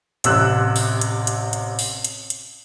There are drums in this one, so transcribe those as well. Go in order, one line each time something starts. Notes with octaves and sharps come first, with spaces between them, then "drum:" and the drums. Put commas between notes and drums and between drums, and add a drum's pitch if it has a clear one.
A1 C3 E6 F#6, drum: hi-hat
drum: open hi-hat
drum: hi-hat
drum: hi-hat
drum: hi-hat
drum: open hi-hat
drum: hi-hat
drum: hi-hat